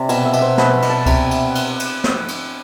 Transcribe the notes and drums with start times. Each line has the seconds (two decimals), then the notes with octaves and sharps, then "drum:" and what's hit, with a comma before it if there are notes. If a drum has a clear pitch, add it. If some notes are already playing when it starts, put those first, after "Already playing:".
Already playing: C3 D5
0.09 B2 G#5, drum: cymbal
0.25 E5
0.33 B2, drum: cymbal
0.41 C5
0.58 B2 B4, drum: snare
0.73 B4
0.82 B2, drum: cymbal
0.90 A5
1.06 C3 G#5, drum: kick C#2, cymbal
1.31 drum: cymbal
1.55 drum: cymbal
1.79 drum: cymbal
2.04 drum: snare
2.28 drum: cymbal